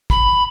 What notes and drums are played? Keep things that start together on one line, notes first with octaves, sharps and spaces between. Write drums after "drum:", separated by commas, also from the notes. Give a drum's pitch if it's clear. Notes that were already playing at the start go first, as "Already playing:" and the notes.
B5, drum: kick